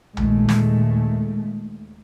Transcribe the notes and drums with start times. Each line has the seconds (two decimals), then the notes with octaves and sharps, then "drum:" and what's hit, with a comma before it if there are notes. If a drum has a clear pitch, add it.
0.17 D#2 A#2 G#3 A3, drum: tom A#1
0.49 drum: snare